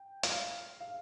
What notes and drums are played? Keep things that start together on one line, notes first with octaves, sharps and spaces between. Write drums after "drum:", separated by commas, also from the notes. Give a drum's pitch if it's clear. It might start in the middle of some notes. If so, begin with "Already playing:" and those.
Already playing: G5
F5, drum: hi-hat
F5